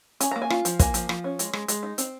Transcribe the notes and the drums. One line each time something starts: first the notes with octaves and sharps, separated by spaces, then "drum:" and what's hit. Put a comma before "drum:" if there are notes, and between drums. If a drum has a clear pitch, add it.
C#4 G#5, drum: hi-hat
A#3 A#5
G#5
F4, drum: rim click
F3, drum: hi-hat
A#3 G#5, drum: kick, hi-hat
F3, drum: hi-hat
F3, drum: rim click
C#4
G#3, drum: hi-hat
G#3, drum: rim click
G#3, drum: hi-hat
D#4
C4, drum: hi-hat